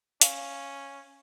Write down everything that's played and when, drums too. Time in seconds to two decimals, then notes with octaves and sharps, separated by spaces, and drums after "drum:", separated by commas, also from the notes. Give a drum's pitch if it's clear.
0.21 C#4 F5, drum: hi-hat